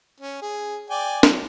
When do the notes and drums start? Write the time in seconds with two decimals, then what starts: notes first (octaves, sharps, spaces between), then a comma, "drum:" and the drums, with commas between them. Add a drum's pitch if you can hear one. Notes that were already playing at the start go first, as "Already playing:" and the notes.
0.20 C#4
0.41 G#4
0.90 D5 G5 G#5
1.23 F#3, drum: snare